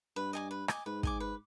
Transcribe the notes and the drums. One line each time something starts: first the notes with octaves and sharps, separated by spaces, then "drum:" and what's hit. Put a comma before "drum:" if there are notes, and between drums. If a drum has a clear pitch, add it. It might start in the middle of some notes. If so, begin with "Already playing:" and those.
G2 B4
D#5 G#5 D6
B4
D#5 G#5 D6, drum: rim click
G#2 B4
D#5 G#5 D6, drum: kick
B4